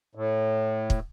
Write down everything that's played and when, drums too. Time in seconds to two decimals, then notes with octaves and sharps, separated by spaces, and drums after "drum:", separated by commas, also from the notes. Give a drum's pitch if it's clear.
0.15 A2
0.90 drum: kick